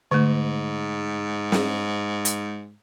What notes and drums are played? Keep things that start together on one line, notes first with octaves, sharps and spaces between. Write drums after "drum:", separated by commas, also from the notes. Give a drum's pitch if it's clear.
G#2 D3 A3
drum: snare
drum: hi-hat